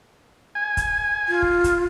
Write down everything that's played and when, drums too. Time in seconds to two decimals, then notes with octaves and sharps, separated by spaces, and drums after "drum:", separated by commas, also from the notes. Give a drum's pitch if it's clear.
0.55 G#5
0.77 drum: kick, hi-hat
1.28 F4
1.42 drum: kick
1.64 drum: kick, hi-hat